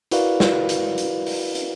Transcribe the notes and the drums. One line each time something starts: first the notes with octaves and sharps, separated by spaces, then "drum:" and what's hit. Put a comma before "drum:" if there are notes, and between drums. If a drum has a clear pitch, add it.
E4 F#4 A#4 B4 D5 F5, drum: hi-hat
drum: snare
drum: hi-hat
drum: hi-hat
drum: open hi-hat
drum: hi-hat